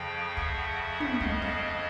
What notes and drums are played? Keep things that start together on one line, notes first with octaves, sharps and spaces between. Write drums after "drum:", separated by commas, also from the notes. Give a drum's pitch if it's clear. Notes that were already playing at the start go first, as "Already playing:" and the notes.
Already playing: F2 C#3 F3 F5 G5
E5 F#5, drum: kick
drum: tom
D#5 F5, drum: kick
drum: snare